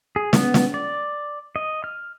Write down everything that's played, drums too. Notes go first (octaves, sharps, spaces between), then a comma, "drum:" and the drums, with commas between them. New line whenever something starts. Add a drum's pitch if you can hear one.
G#4
B3, drum: snare
drum: snare
D5
D#5
F6